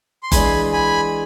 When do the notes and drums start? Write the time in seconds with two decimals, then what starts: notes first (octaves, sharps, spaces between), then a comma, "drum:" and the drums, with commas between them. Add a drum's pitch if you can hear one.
0.23 C6
0.32 E3 G#3 D4 G#5 B5, drum: kick F#1, hi-hat
0.72 G#5 B5